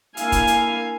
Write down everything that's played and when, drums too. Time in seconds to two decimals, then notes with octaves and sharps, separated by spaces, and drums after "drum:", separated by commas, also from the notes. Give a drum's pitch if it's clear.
0.17 A#3 D4 E4 F5 G#5, drum: hi-hat
0.32 drum: kick, hi-hat
0.47 drum: hi-hat